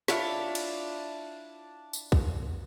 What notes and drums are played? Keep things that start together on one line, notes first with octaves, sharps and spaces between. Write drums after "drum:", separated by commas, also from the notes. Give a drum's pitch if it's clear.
D4 E4 F4 C#5, drum: snare
drum: cymbal
drum: tambourine
drum: kick